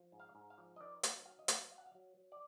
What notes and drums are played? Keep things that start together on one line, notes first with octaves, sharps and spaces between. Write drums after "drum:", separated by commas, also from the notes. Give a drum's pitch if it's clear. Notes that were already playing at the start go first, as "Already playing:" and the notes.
Already playing: F3
G#2
F5
G#2
F5
F3
D#5
D#3 D5
F#3, drum: hi-hat
F#3 F5
D#5
F#3 F5, drum: hi-hat
F#3 F5
F#5
F5
F#3
F#3
D5